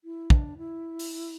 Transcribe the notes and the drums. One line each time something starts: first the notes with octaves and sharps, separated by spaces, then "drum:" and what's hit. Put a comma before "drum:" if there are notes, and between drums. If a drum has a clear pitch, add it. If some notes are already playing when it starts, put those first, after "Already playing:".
E4
D4, drum: kick
E4
drum: open hi-hat